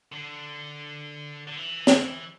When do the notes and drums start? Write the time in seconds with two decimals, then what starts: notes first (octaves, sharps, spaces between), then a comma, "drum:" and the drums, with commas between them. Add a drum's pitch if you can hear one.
0.12 D3
1.47 D3
1.57 E3
1.87 drum: snare